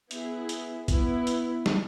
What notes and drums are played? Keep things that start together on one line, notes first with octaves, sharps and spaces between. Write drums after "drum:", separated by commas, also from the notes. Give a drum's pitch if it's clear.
B3 E4 G#4, drum: hi-hat
drum: hi-hat
B3 E4 B4, drum: kick, hi-hat
drum: hi-hat
drum: snare